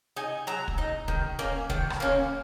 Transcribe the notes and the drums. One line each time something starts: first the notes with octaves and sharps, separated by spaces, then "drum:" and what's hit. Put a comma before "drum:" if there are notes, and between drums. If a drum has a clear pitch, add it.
D#4 G#5
F#3 A#5
drum: kick
D#4
D#3, drum: kick
A#3 C#4
D#3, drum: kick
drum: rim click
A#3 C#4